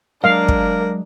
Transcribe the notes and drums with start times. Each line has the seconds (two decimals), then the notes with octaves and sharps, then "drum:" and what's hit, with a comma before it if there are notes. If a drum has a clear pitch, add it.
0.24 F#3 G#3 A#3 D4 A#4 D#5 F5
0.48 drum: kick